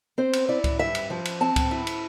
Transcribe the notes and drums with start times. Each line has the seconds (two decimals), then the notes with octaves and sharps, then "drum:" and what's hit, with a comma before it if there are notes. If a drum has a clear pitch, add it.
0.18 C4 C5
0.33 drum: cymbal
0.49 E4 D5
0.64 drum: kick C#2, cymbal
0.79 G2 E5
0.95 drum: cymbal
1.10 F3
1.25 drum: cymbal
1.41 C4 A5
1.56 drum: kick C#2, cymbal
1.71 E4
1.87 drum: cymbal